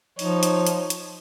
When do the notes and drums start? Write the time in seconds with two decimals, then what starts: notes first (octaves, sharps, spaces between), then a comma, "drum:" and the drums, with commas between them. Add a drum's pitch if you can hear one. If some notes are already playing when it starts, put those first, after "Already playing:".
0.19 F3 D#4 C#5, drum: open hi-hat
0.43 drum: hi-hat
0.67 drum: hi-hat
0.90 drum: hi-hat